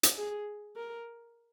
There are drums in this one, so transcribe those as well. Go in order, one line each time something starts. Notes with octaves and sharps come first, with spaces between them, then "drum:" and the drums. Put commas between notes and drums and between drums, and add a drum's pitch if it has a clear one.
drum: hi-hat
G#4
A#4